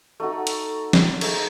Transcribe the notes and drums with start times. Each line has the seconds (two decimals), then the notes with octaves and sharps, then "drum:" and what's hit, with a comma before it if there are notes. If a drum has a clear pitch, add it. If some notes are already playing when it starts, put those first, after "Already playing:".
0.20 A3 D#4 F#4 A4
0.47 drum: hi-hat
0.93 drum: snare
1.21 A3 D#4 G#4, drum: cymbal